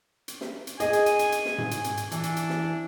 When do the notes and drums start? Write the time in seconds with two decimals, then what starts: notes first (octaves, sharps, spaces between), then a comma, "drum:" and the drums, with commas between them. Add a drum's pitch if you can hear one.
0.28 drum: hi-hat
0.41 drum: snare
0.67 drum: hi-hat
0.80 G#4 D#5 G#5, drum: hi-hat
0.93 drum: hi-hat
1.06 drum: hi-hat
1.19 drum: hi-hat
1.32 drum: hi-hat
1.45 drum: snare
1.58 drum: tom G#2
1.71 drum: hi-hat
1.84 drum: hi-hat
1.97 drum: hi-hat
2.11 E3 D4, drum: hi-hat
2.23 drum: hi-hat
2.36 drum: hi-hat
2.50 drum: snare